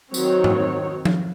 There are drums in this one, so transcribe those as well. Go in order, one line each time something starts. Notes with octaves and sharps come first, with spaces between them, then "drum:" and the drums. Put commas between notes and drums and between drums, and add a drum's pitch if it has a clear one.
D#3 F#3 C4 F#4 C#5, drum: tambourine
drum: tom G#2
drum: tom F3